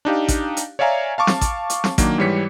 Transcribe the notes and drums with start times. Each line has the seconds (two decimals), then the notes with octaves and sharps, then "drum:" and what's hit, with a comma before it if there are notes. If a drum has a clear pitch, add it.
0.05 D4 D#4 G4 F5
0.28 drum: kick A1, hi-hat
0.57 drum: hi-hat
0.79 C#5 D5 E5 F5 G#5 A#5
1.18 F5 A5 C#6 D6
1.27 drum: snare
1.41 drum: kick A1, hi-hat
1.70 drum: hi-hat
1.84 drum: snare
1.98 D#3 F#3 A#3 D4, drum: kick A1, hi-hat
2.18 G#2 E3 G3 C#5 B6 C#7